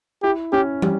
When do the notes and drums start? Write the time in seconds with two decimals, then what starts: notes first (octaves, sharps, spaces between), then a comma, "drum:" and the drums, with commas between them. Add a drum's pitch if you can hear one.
0.23 E4 G4
0.53 C#4 G4
0.82 G3, drum: tom